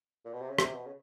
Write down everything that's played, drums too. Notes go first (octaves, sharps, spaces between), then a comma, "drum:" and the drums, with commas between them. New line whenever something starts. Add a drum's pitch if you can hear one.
A#2
B2
C3
C#3
C3, drum: rim click
B2
C#3